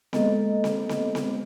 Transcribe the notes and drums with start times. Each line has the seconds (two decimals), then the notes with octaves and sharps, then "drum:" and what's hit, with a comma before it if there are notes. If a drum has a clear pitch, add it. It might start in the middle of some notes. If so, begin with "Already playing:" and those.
0.13 G#3 A#3 B3 A4 D#5, drum: snare C4
0.64 drum: snare C4
0.89 drum: snare C4
1.15 drum: snare C4